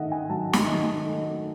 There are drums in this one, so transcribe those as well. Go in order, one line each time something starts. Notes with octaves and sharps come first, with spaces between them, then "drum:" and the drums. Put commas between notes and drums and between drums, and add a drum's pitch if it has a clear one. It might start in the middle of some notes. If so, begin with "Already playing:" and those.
Already playing: D#3 A3 D#5 E5 F#5
G#5
F#3 A5
drum: snare
D#3 D#5
A3